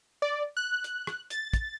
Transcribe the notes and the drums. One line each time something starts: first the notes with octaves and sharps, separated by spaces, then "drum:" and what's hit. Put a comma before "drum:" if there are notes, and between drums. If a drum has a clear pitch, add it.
D5
F#6
drum: hi-hat
drum: rim click
A6, drum: hi-hat
drum: kick, hi-hat